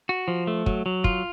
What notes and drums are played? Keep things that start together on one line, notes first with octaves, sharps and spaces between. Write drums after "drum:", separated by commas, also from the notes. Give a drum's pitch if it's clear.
F#4
F3
A3
F#3, drum: kick
F#3
F4, drum: kick